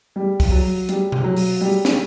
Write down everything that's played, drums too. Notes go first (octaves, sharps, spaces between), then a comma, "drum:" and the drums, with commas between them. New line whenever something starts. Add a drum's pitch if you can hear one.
G3
drum: kick, open hi-hat
F#3
G3, drum: hi-hat
drum: tom B2
F#3
drum: open hi-hat
G3
drum: snare